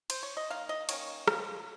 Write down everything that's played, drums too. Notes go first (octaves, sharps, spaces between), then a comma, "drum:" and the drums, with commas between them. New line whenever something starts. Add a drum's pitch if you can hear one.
C5, drum: cymbal
C#5
D#5
D#3 A#3 F5
D#5
D#3 A#3 C#4 C#5, drum: cymbal
C#3 F3 C4, drum: rim click